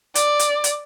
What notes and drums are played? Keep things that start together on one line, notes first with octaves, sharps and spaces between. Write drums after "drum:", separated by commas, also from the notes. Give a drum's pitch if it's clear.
D5, drum: hi-hat
drum: hi-hat
drum: hi-hat